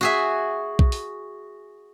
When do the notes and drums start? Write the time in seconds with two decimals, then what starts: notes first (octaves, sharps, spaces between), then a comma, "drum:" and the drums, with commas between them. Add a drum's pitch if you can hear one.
0.01 F#4 G#4 E5
0.79 drum: kick
0.92 drum: open hi-hat